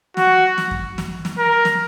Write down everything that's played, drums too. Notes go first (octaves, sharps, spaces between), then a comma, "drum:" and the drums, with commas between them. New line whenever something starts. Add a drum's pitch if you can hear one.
F#4, drum: snare
drum: snare
drum: kick F#2
drum: snare
drum: snare
A#4
drum: snare